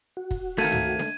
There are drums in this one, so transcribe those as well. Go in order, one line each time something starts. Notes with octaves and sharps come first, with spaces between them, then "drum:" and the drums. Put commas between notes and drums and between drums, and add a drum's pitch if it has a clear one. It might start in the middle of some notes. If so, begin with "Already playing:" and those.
F#4
drum: kick
D#3 A3 A#3 C4 G#6 D#7
drum: tom
drum: snare